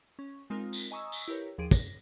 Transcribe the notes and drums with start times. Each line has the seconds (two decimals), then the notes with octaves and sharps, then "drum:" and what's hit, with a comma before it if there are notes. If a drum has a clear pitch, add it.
0.19 C#4
0.50 G#3 C4 D#4 F4 A#4
0.73 drum: tambourine
0.91 D#5 G#5 A#5 C#6 D#6 E6
1.12 drum: tambourine
1.28 E4 G4 A#4 B4 C#5
1.58 D#2 F3 G#4 C6 D7 D#7
1.71 A#6, drum: kick, tambourine